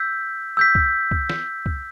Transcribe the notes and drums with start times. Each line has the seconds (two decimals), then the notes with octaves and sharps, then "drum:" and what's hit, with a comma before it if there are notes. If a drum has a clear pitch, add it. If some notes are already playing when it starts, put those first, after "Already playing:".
Already playing: E6 G6 B6
0.57 E6 G6 B6
0.75 drum: kick
1.11 drum: kick
1.30 drum: snare
1.66 drum: kick